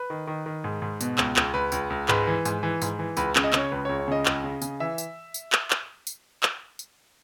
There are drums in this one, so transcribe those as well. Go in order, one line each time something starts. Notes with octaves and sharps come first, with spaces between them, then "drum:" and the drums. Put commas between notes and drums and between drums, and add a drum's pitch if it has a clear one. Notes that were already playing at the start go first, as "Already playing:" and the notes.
Already playing: B4
D#3
D#3
D#3
G#2
G#2
B2, drum: tambourine
C#2, drum: clap
C#2, drum: clap
C#2 B4
C#2, drum: tambourine
C#2
G#2 B4, drum: clap
E3
G#2, drum: tambourine
E3
G#2, drum: tambourine
E3
C#2 B4, drum: tambourine
C#3, drum: clap
D#5
C#3 C#5, drum: clap
C#2 B4
C#2 C#5
C#5
C#3 D#5
C#2, drum: clap
C#3
C#3, drum: tambourine
E3 E5
drum: tambourine
drum: tambourine
drum: clap
drum: clap
drum: tambourine
drum: clap
drum: tambourine